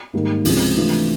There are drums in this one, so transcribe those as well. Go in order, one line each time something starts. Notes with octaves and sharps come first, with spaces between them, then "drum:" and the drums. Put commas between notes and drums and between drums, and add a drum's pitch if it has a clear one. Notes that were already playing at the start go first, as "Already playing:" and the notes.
G#2 D#3 G3 A#3
C#2 C3 F3 G#3 C4, drum: open hi-hat
C3 E3 A3 D4 F4